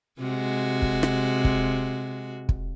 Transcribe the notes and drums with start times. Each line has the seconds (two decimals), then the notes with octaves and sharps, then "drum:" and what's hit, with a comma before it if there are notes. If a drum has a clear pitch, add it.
0.20 C3 G#3 F#4
0.82 drum: kick
1.03 drum: rim click
1.45 drum: kick
2.49 drum: kick